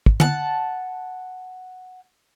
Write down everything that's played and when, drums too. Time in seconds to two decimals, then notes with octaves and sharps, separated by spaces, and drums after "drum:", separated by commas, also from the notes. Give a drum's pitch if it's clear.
0.06 drum: kick
0.20 F#5 A5, drum: tom D3